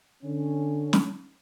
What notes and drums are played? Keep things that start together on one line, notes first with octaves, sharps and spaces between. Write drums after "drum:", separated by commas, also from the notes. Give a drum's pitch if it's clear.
D3 C#4
drum: snare